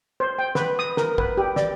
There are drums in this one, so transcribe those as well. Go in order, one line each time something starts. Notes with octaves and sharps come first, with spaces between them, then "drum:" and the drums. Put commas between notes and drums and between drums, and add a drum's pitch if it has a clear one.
C5
G5
B4, drum: snare
D#6
A#4, drum: snare
B4, drum: kick
G4
D5, drum: snare